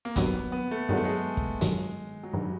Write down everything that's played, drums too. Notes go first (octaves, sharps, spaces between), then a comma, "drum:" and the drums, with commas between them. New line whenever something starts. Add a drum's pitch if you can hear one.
A#3
G2 D#3 F#3 B3, drum: kick, hi-hat
B3
A3
G2 D#3 F#3 G#3
A3
G#3
drum: kick
G2 D#3 F#3, drum: hi-hat
F#3
G2 D#3 F#3 G3